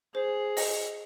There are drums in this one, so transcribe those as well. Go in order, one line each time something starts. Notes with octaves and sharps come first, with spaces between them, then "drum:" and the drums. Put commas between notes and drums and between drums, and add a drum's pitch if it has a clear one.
G#4 C5
D#5, drum: open hi-hat